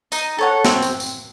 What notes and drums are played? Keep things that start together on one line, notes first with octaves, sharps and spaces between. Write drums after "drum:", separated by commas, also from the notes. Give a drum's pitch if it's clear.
D#4, drum: tambourine
A4 C#5 F#5
C4, drum: snare
drum: tambourine
drum: tambourine